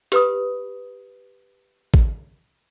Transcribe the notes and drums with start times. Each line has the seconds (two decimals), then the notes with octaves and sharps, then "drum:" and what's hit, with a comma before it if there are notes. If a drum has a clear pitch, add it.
0.12 G4 B4 B5 D#6, drum: hi-hat
1.94 drum: kick